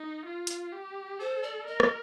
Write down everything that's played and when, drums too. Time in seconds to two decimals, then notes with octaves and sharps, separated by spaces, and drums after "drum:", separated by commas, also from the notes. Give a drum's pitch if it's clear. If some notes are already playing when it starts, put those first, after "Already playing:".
Already playing: D#4
0.26 F4
0.47 drum: hi-hat
0.73 G4
1.19 A4 C5
1.43 D5
1.66 A#4 D#5
1.80 drum: rim click